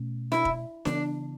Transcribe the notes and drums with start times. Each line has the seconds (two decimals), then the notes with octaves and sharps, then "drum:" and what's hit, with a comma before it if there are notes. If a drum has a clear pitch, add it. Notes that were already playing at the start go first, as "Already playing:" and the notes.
Already playing: B2 A3 C#4
0.32 E4, drum: snare D4
0.45 drum: kick F1
0.85 C#3 E3 B3 D4, drum: snare D4